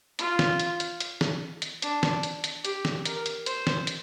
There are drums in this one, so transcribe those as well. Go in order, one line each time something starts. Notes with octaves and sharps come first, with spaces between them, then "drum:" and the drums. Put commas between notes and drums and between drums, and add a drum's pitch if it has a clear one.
F4, drum: hi-hat
drum: snare
drum: hi-hat
drum: hi-hat
drum: hi-hat
drum: snare
drum: hi-hat
D4, drum: hi-hat
drum: snare
drum: hi-hat
drum: hi-hat
G4, drum: hi-hat
drum: snare
A#4, drum: hi-hat
drum: hi-hat
C5, drum: hi-hat
drum: snare
drum: hi-hat